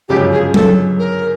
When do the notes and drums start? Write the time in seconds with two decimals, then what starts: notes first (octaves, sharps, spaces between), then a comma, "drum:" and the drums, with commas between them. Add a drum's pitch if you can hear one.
0.09 G1 F#2 C#3 F3 G#3 G4
0.32 G#4
0.54 A4, drum: tom F#3
0.99 A#4